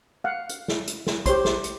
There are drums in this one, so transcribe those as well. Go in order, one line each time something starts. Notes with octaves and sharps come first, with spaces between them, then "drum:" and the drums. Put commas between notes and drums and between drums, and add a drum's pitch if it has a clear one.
F5 F#5
drum: hi-hat
drum: snare
drum: hi-hat
drum: snare
G4 C5 C#5 C6, drum: kick, hi-hat
drum: snare
drum: hi-hat